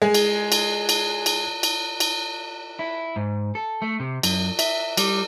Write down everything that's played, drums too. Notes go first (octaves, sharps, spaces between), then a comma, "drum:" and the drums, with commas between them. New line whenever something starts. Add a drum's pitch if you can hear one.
G#3 G#4
drum: cymbal
drum: cymbal
drum: cymbal
drum: cymbal
drum: cymbal
drum: cymbal
E4
G#2
A4
A3
C3
F#2, drum: cymbal
E5, drum: cymbal
G3, drum: cymbal